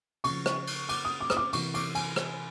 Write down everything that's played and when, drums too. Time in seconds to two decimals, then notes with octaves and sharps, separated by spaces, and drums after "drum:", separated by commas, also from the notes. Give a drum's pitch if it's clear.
0.24 C#3 F3 C#6, drum: cymbal
0.46 drum: rim click
0.67 drum: cymbal
0.89 D6, drum: cymbal
1.05 D#6
1.21 D6
1.30 D#6, drum: rim click
1.37 D6
1.53 C3 E3 C#6, drum: cymbal
1.74 D6, drum: cymbal
1.95 G#5, drum: cymbal
2.16 drum: rim click